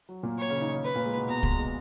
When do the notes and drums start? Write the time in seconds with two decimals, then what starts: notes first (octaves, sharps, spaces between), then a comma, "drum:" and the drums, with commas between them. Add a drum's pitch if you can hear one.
0.09 F#3
0.23 A#2 A#3
0.38 C#5
0.49 C#3 C#4
0.61 D#3 D#4
0.73 C#3 C#4
0.84 B4
0.94 A#2 A#3
1.05 G#3
1.17 B2 B3
1.28 B2 B3 A#5
1.43 G#3, drum: kick C2
1.59 G#3